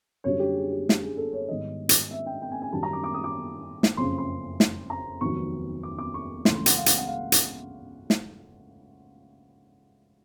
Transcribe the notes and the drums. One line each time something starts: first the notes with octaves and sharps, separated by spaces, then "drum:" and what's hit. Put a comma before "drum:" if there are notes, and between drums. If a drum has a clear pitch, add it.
F#2 D3 G3 C#5
G4
G#4
G4
drum: snare
G#4
A4
C#5
G#2 D#3 G3 B3 D#5
drum: hi-hat
E5
G5
G5
G#5
G#5
F#2 D#3 G3 A5
A#5
D6
D6
D#6
D6
drum: snare
F#1 F2 C#3 C6
C6
drum: snare
A#5
F1 D#2 D#3 F#3 B3 C#6
D6
D6
C#6
C#2 C#3 E3 A3 C#4 C6, drum: snare
C6
F#5, drum: hi-hat
F5
F#5, drum: hi-hat
F#5
F5
drum: hi-hat
drum: snare